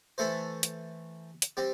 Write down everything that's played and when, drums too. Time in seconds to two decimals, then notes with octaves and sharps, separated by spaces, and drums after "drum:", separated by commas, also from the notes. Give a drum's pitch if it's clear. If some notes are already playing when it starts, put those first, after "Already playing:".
0.18 E3 A3 E4 A4 C5
0.63 drum: hi-hat
1.42 drum: hi-hat
1.57 G3 C4 G4